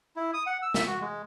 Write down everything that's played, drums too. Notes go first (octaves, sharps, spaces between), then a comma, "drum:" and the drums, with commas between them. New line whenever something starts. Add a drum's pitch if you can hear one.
E4
D#6
F#5
E6
E5, drum: snare
F#4
G#3